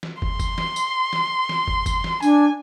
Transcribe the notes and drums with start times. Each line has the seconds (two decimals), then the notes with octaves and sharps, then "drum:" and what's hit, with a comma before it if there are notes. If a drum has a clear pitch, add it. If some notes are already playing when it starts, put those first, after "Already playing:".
0.03 drum: snare
0.22 C6, drum: kick
0.40 drum: kick, tambourine
0.58 drum: snare
0.76 drum: tambourine
1.13 drum: snare
1.49 drum: snare
1.68 drum: kick
1.86 drum: kick, tambourine
2.04 drum: snare
2.22 D4 G#5, drum: tambourine